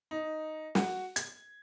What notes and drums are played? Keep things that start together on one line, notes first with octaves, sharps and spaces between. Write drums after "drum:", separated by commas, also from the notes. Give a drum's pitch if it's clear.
D#4
F#4, drum: snare
G#6, drum: hi-hat